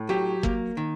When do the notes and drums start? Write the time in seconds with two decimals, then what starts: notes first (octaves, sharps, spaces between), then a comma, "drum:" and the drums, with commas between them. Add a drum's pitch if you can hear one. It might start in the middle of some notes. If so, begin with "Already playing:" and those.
Already playing: A2
0.09 F#3 G4
0.43 A#3, drum: kick
0.77 D#3